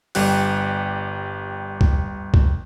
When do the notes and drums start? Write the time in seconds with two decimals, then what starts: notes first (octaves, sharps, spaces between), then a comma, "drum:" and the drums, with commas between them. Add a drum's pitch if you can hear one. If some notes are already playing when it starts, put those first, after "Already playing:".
0.15 G1 G3 G4 F#6, drum: open hi-hat
1.81 drum: kick C#2
2.34 drum: kick C#2